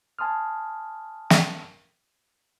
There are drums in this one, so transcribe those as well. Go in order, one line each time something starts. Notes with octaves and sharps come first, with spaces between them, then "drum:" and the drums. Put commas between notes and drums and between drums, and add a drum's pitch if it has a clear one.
G#5 A5 C6 D#6 F6
drum: snare